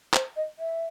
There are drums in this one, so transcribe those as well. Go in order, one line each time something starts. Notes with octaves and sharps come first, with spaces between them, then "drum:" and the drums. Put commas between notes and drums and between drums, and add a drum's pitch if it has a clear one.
C5, drum: clap
D#5
E5